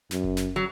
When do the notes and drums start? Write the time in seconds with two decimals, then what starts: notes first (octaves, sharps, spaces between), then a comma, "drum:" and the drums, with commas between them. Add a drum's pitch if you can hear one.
0.11 F#2, drum: snare
0.24 drum: kick F#1
0.37 drum: snare
0.56 F#3